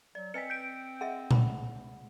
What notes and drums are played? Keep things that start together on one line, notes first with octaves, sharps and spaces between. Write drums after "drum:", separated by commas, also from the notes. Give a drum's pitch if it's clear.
F#3 D5
C4 B4 D#5 G#5 B6 C#7
G6 D7
G#4 D#5 E5 F#5
B5, drum: tom A#2